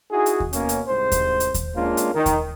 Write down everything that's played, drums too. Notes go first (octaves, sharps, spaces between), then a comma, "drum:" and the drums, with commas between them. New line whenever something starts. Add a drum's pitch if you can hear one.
D#4 E4 F#4 G#4
drum: hi-hat
drum: kick D#2
B2 A#3 C#4, drum: hi-hat
drum: hi-hat
C2 G#2 C5
drum: kick D#2, hi-hat
drum: hi-hat
drum: kick D#2, hi-hat
G#3 A#3 C#4 D4 F4
drum: hi-hat
D#3
drum: kick D#2, hi-hat